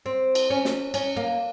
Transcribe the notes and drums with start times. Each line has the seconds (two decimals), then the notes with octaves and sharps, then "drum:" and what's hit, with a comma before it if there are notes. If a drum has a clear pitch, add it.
0.06 C4
0.35 drum: cymbal
0.50 C#4
0.65 drum: snare
0.94 C#4, drum: cymbal
1.16 A#3